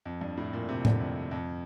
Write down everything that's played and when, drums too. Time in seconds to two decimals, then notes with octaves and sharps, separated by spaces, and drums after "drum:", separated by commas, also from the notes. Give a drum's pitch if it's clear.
0.05 F2
0.21 G2
0.37 A2
0.53 A#2
0.69 C3
0.85 D3, drum: tom A2
1.00 F2
1.31 F2